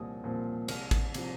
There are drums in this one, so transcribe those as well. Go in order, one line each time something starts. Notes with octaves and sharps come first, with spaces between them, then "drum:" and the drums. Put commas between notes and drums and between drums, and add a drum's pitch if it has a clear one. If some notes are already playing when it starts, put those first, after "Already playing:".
Already playing: C2 A#2 F3 C4 D#6
A#2 F3 C4
C2 F6, drum: cymbal
drum: kick, cymbal
C3 F3, drum: cymbal